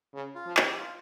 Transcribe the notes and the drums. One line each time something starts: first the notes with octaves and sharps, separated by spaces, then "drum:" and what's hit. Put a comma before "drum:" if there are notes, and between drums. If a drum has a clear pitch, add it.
C#3
F4
F3
G4, drum: clap
F4